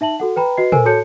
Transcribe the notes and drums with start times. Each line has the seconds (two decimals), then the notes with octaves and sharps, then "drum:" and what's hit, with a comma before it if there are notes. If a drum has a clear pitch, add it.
0.01 D#4 E5 A5 F#7
0.20 F#4 A4 F#5
0.36 B4 G5 A#5 B5
0.57 F#4 B4 D#5 C7
0.72 A4 A#4 C5 G#5, drum: tom
0.85 F#4 A4 C#5 A5 G6 C#7